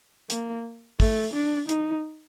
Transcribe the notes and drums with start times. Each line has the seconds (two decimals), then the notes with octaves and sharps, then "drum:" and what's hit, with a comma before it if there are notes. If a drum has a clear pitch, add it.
0.30 A#3, drum: hi-hat
1.00 A3, drum: kick, open hi-hat
1.34 D4
1.69 D#4, drum: hi-hat